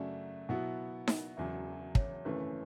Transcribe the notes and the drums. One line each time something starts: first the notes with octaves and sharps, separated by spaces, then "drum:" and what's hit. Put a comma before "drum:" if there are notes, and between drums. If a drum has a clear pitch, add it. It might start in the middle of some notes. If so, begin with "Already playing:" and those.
Already playing: F#2 C#3 F#3 A3 D4 E5
B2 F#3 B3 E4 F#5
drum: snare D#4
E1 E2 C#3 F#3 E5
C#5, drum: kick
G#1 F#2 C#3 E3 A3 B4